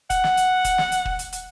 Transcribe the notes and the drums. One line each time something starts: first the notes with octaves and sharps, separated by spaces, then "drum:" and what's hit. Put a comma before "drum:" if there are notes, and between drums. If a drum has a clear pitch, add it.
F#5, drum: kick, hi-hat
drum: snare
drum: hi-hat
drum: kick, hi-hat
drum: snare
drum: hi-hat
drum: kick
drum: hi-hat
drum: hi-hat